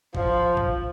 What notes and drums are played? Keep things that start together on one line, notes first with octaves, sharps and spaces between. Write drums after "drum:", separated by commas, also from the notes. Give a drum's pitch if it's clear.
F3, drum: kick
drum: kick